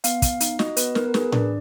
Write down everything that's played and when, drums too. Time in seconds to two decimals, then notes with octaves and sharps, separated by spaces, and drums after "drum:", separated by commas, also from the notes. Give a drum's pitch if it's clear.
0.04 B3 F5, drum: hi-hat
0.22 B3, drum: kick, hi-hat
0.40 D#4, drum: hi-hat
0.59 F#4 D#5, drum: snare
0.77 B3 B4, drum: hi-hat
0.95 B3 A#4, drum: snare
1.08 A#4
1.14 G#4 B4, drum: snare
1.32 D4 D5, drum: tom A2